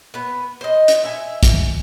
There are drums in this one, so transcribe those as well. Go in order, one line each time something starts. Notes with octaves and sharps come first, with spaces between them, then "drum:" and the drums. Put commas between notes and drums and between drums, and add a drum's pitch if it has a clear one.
B3 B4
C5 D#5
drum: hi-hat
E5 G#5
drum: kick, hi-hat